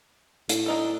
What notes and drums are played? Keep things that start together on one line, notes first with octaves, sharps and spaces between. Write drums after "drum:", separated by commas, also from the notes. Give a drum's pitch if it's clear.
A2, drum: hi-hat
D4 D#4 A4